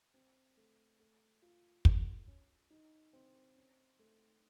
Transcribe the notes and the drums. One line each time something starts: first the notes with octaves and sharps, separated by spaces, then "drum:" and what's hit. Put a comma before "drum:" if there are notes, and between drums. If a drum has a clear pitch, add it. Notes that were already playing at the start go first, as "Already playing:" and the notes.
C4
A3
A3
F4
A4, drum: kick
C#4
D#4
C4
C#4
A3